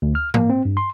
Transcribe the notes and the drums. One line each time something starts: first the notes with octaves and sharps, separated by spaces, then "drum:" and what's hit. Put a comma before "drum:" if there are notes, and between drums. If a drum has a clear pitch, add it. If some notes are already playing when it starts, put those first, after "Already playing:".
D2
F6
A#3, drum: tom G#2
C4
G2
C6